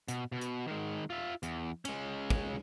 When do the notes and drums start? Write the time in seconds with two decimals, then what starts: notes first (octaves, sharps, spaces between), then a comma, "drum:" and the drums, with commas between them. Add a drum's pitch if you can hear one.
0.08 B2, drum: hi-hat
0.32 B2
0.41 drum: hi-hat
0.67 D#3 G#3
1.10 F4 E5
1.43 E2, drum: hi-hat
1.85 G#3 C#4, drum: cymbal
2.30 drum: kick